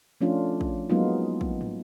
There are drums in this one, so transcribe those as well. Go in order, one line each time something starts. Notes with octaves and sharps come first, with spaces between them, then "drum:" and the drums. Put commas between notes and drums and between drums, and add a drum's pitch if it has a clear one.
F3 A3 C#4 D4 F4
drum: kick
F#3 G#3 A#3 B3 D#4 F4
drum: kick
drum: tom